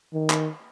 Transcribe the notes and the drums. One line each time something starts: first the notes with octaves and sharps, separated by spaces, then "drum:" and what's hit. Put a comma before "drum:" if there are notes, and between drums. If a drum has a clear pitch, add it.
D#3
drum: clap